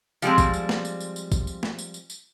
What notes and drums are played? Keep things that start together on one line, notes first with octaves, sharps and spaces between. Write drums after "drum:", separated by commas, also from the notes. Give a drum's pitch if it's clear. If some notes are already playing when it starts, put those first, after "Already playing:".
F3 G3 G#3 C4, drum: tambourine
drum: kick A1, tambourine
drum: tambourine
drum: snare
drum: tambourine
drum: tambourine
drum: tambourine
drum: kick A1, tambourine
drum: tambourine
drum: snare
drum: tambourine
drum: tambourine
drum: tambourine